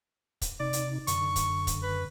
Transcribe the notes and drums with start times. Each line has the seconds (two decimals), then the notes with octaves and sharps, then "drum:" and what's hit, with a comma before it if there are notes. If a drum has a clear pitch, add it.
0.42 drum: kick, hi-hat
0.60 C3 D#4 D5
0.73 drum: hi-hat
1.07 F#2 D3 C#6, drum: hi-hat
1.36 drum: kick, hi-hat
1.67 drum: kick, hi-hat
1.83 B4